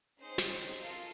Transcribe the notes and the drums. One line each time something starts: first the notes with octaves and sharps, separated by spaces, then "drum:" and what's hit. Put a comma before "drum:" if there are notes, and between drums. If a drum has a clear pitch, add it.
C4 C#4 D#4 G#4 C5
drum: snare
F4 A4 A#4 F5